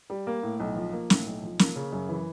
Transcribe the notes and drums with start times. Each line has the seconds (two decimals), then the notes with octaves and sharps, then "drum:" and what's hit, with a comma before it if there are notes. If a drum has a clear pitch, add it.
0.10 G3
0.27 A#3
0.43 A2
0.60 B1
0.76 F3
0.93 A#3
1.10 A2, drum: snare
1.26 B1
1.43 F3
1.59 A#3, drum: snare
1.76 C#3
1.93 F#2
2.09 E3